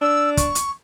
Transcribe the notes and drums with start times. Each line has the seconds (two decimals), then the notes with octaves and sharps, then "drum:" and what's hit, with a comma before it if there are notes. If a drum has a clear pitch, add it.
0.01 D4 E6
0.37 C#6, drum: kick, hi-hat
0.55 drum: hi-hat